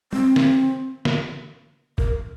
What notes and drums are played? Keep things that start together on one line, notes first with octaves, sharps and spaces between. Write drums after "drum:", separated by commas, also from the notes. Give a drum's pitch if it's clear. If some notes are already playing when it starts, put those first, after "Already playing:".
C4, drum: tom G3
drum: snare
drum: snare
A#4, drum: kick F#1